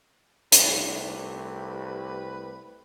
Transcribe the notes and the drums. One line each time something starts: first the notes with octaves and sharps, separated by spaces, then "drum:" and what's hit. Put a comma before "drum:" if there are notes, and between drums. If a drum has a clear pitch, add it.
C2 A3 G4 B4, drum: hi-hat